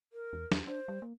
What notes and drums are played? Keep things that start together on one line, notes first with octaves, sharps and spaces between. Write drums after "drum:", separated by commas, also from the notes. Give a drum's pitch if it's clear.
A#4
E2
E2, drum: snare
D4 C5
G3
A#3